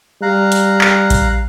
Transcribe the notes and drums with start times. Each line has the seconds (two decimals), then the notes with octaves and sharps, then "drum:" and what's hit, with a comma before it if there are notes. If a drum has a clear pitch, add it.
0.22 G3 F5 A#5 F#6
0.52 drum: hi-hat
0.81 drum: clap
1.10 drum: kick A#1, hi-hat